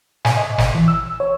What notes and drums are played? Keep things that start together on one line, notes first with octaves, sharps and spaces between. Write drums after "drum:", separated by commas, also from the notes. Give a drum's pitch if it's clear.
G#5, drum: snare
D#5
G#1, drum: snare
E3
E6
C#5